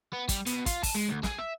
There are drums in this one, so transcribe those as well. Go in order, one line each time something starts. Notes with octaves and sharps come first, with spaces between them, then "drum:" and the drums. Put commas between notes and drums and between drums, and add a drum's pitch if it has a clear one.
B3
G3, drum: kick, hi-hat
B2, drum: hi-hat
F4, drum: kick, hi-hat
A5, drum: kick, open hi-hat
G#3
D2
G#4, drum: snare
E5